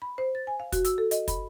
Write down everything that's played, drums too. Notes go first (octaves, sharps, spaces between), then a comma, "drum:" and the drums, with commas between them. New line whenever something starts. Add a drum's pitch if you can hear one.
B5
C5
A6
G#5
F5
F#4, drum: kick, hi-hat
E6, drum: hi-hat
A4
D#5, drum: hi-hat
B5, drum: kick, hi-hat